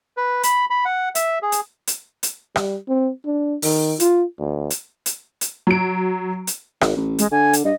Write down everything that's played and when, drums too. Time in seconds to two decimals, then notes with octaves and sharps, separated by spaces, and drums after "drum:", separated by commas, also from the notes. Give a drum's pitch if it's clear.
0.17 B4
0.43 B5, drum: hi-hat
0.70 B5
0.85 F#5
1.15 E5, drum: hi-hat
1.42 G#4
1.52 drum: hi-hat
1.87 drum: hi-hat
2.23 drum: hi-hat
2.56 G3, drum: rim click
2.88 C4
3.25 D4
3.62 D#3, drum: open hi-hat
4.00 F4, drum: hi-hat
4.39 D2
4.70 drum: hi-hat
5.06 drum: hi-hat
5.41 drum: hi-hat
5.67 F#3 D7
6.47 drum: hi-hat
6.81 G#1, drum: rim click
6.96 A1
7.19 G#3, drum: hi-hat
7.32 D3 G#5
7.53 drum: hi-hat
7.65 G2 D#5